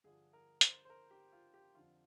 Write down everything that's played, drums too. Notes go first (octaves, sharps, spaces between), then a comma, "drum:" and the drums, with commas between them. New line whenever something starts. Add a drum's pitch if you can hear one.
G2 D3 F3 G#4
A#4
C5, drum: hi-hat
C5
A#4
G4
F4
G4
F2 D3 F3 F4